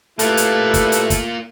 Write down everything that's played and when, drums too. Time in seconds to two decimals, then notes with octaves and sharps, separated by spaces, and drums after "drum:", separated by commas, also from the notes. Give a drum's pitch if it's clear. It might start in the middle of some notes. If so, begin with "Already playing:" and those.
0.19 G3 A3 A#3 E4 F4 B4, drum: hi-hat
0.37 drum: hi-hat
0.74 drum: kick, hi-hat
0.92 drum: hi-hat
1.10 drum: kick, hi-hat